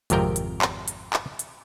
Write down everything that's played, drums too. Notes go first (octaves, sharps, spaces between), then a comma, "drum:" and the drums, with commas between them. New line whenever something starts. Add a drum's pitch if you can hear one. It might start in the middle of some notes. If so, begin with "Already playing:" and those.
G#1 F2 C3 A#4 G5, drum: hi-hat
drum: hi-hat
drum: clap
drum: hi-hat
drum: clap
drum: hi-hat